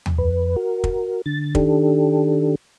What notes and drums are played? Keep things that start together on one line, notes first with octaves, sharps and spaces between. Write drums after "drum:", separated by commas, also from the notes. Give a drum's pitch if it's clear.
drum: tom
F2 B4
F#4 A#4
drum: kick
D3 A6
D#3 D4 G4 A4, drum: kick